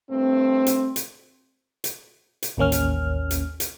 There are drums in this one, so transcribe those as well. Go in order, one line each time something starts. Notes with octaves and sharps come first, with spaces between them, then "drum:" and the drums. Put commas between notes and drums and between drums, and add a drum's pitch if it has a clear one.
G2 A3 C4
drum: hi-hat
drum: hi-hat
drum: hi-hat
drum: hi-hat
A1 D#2 A#3 C#4 F6
drum: hi-hat
drum: hi-hat
drum: hi-hat